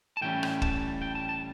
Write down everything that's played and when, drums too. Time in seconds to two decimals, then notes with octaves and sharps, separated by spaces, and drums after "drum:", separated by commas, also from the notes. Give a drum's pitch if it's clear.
0.17 A5
0.21 A2 E3 G3 C#4 G5
0.43 drum: rim click
0.62 A5, drum: kick
1.02 G5
1.15 A5
1.29 A5